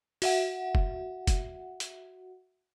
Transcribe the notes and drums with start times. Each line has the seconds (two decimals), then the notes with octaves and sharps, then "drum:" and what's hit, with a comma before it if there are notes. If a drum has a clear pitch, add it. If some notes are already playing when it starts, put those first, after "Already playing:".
0.22 F#4 E5 F#5, drum: open hi-hat
0.75 drum: kick F#1
1.27 drum: kick F#1, hi-hat
1.80 drum: hi-hat